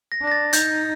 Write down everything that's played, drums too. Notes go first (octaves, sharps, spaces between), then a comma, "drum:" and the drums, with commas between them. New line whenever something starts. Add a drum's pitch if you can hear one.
A#6
D4
A#6
A6
D#4 G6, drum: hi-hat